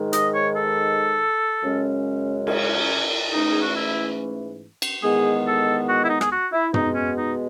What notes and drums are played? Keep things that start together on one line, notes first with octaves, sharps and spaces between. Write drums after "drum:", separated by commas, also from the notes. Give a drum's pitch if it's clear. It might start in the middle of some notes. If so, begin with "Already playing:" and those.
Already playing: G#2 D#3 G#3
D#5, drum: hi-hat
C#5
A4
F#2 C#3 G#3 C#4
C#4, drum: cymbal
G#2 E3 A3 C#4 D#4
G#4
F#4
E4
drum: cymbal
E2 D#3 G#3 B3 G#4
A4
F#4
E4
D#4
G#4, drum: rim click
F#4
E4
B2 G#3 B3 D#4, drum: tom
C#4
D#4